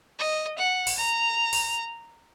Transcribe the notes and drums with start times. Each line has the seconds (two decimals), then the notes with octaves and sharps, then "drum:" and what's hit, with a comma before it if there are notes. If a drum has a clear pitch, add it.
0.19 D#5
0.58 F#5
0.87 drum: open hi-hat
0.98 A#5
1.53 drum: open hi-hat